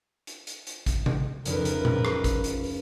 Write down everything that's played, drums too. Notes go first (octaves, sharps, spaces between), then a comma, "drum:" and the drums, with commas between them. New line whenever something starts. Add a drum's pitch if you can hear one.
drum: hi-hat
drum: hi-hat
drum: hi-hat
drum: kick, hi-hat
drum: tom C3
F1 C#2 A#4 B4, drum: hi-hat
drum: hi-hat
drum: tom A#2
drum: rim click
drum: kick, hi-hat
drum: hi-hat
drum: open hi-hat